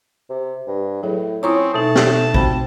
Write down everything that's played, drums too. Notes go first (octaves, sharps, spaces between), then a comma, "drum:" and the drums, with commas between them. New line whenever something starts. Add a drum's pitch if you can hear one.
C3
G2
A2 F#3 G#4
C4 C#4 E4 F4 A#5 B5 C#6 D#6
B2 A3 D#4 A5
drum: snare
F3 A3 C4 F#4 G5 B5, drum: kick A1